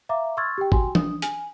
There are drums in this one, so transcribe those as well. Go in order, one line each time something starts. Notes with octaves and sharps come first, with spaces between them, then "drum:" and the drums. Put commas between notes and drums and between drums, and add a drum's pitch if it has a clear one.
E5 F5 A#5 D6
C6 C#6 E6 F6 G#6 A6
G4 G5
F#4 G5 G#5 C6, drum: kick
D4 D#6, drum: tom E3
G#5, drum: hi-hat